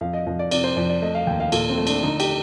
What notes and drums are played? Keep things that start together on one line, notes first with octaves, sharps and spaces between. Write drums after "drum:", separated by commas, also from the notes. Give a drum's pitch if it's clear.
F2 F5
D#5
F2 D#5
D5
C3 D5, drum: cymbal
C5
F2 D5
D5
A3 D#5
F5
D#2 G5
F5
A#2 A4, drum: cymbal
C4
A3
D4, drum: cymbal
D3 D#4
G4, drum: cymbal